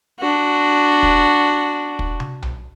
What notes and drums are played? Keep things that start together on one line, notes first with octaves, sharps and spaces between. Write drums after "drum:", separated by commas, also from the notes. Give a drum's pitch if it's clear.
D4 F#4
drum: kick
drum: kick
drum: tom
drum: tom B1